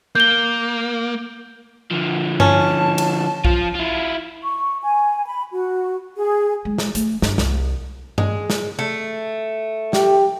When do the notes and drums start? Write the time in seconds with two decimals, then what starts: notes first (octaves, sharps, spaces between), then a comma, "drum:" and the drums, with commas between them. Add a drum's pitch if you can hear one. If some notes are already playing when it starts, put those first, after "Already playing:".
0.15 A#3 G6 G7
1.91 D3 F3
2.40 C#4 A5, drum: tom G2
2.98 drum: cymbal
3.45 F3 F4, drum: kick B1
3.75 E4 F4
4.44 C#6
4.83 G#5
5.26 B5
5.52 F#4
6.17 G#4
6.65 G#3
6.78 drum: snare
6.95 A3, drum: hi-hat
7.22 G2, drum: snare
7.38 C2, drum: snare
8.18 G#3, drum: tom G2
8.50 drum: snare
8.79 A3
9.93 G4, drum: snare